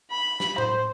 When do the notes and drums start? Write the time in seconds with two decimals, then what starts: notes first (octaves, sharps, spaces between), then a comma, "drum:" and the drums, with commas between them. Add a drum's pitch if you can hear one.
0.11 B5
0.40 drum: snare
0.58 C5, drum: tom A2